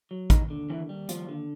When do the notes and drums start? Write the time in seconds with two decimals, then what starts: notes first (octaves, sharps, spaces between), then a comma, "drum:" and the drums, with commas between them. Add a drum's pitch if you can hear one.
0.11 F#3
0.30 D#2 D#3 D#4, drum: kick A1, hi-hat
0.50 D3
0.69 D#2 E3 E4
0.89 G3
1.09 D#2 F3 F4, drum: hi-hat
1.29 D3